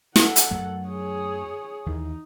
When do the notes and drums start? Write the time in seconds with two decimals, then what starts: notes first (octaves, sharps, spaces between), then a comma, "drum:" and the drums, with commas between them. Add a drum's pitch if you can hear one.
0.16 A4 F#5, drum: snare
0.36 drum: hi-hat
0.51 F#2 F#3 A3
0.87 G#4 C#5
1.86 D#2 E3 D#4